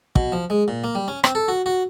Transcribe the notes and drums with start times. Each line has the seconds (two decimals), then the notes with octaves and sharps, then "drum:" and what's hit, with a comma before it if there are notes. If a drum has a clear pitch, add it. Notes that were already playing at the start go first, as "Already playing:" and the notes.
0.16 B2, drum: kick
0.32 F3
0.50 G#3
0.68 A#2
0.84 A#3
0.95 G3
1.08 C#4
1.24 C4, drum: rim click
1.35 A4
1.48 F#4
1.66 F#4